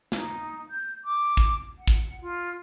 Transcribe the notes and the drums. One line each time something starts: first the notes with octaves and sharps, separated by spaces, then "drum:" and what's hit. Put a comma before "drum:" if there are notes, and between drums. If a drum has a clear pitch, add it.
D#4, drum: snare
G6
D6
drum: kick
F#5
drum: kick
F4